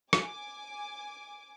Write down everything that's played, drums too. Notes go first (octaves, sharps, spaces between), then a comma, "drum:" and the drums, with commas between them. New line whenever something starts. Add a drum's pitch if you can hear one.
G#5 D6, drum: rim click